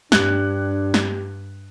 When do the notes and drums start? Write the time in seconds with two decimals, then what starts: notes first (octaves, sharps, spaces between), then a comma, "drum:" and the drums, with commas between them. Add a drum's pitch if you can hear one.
0.12 G2 D4 G4 F#6, drum: snare
0.94 drum: snare